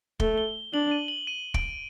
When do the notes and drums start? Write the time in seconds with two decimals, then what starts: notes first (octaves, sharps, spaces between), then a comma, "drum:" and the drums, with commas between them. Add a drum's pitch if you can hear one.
0.20 A3 G7, drum: kick
0.38 G7
0.73 D4 F#7
0.91 D#7
1.08 F#7
1.27 D#7
1.54 D7, drum: kick